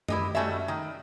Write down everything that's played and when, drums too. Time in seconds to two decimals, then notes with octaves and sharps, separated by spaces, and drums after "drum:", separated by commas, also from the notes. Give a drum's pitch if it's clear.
0.08 E4 G4 D#5, drum: tom F#2
0.35 G3 A3 C#4 F#4 E5
0.68 D#3